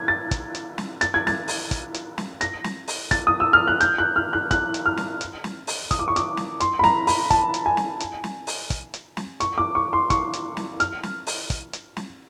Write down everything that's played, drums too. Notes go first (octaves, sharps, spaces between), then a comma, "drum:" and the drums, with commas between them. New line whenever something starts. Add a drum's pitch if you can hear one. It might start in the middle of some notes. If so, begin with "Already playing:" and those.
Already playing: G#6
A6
drum: kick, hi-hat
drum: hi-hat
drum: snare
A6, drum: hi-hat
G#6
A6, drum: snare
drum: open hi-hat
drum: kick, hi-hat
drum: hi-hat
drum: snare
A#6, drum: hi-hat
drum: snare
drum: open hi-hat
A6, drum: kick, hi-hat
D#6
E6
F6
F#6
G6, drum: hi-hat
F#6
F6
F#6
F#6, drum: kick, hi-hat
drum: hi-hat
F6
drum: snare
drum: hi-hat
drum: snare
drum: open hi-hat
D#6, drum: kick, hi-hat
D6
C#6
D6, drum: hi-hat
drum: snare
C6, drum: hi-hat
B5
A#5, drum: snare
B5, drum: open hi-hat
A5, drum: kick, hi-hat
drum: hi-hat
G#5
drum: snare
drum: hi-hat
drum: snare
drum: open hi-hat
drum: kick, hi-hat
drum: hi-hat
drum: snare
C#6, drum: hi-hat
D6
C#6
C6
C#6, drum: kick, hi-hat
drum: hi-hat
drum: snare
F6, drum: hi-hat
drum: snare
drum: open hi-hat
drum: kick, hi-hat
drum: hi-hat
drum: snare